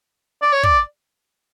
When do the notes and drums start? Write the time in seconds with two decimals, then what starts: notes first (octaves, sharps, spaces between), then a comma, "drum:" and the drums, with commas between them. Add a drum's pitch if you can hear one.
0.42 D5
0.53 C#5
0.63 D5, drum: kick